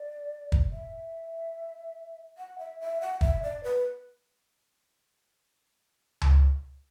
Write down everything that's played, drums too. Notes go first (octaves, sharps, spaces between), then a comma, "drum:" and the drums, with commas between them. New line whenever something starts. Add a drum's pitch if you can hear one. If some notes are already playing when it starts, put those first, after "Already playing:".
Already playing: D5
drum: kick
E5
F#5
E5
E5
F#5
E5, drum: kick
D5
B4
drum: tom C#2